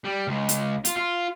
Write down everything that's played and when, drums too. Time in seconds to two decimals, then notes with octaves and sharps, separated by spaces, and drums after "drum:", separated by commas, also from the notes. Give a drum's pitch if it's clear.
0.04 G3
0.28 C#2
0.49 drum: hi-hat
0.85 F4, drum: hi-hat
0.96 F4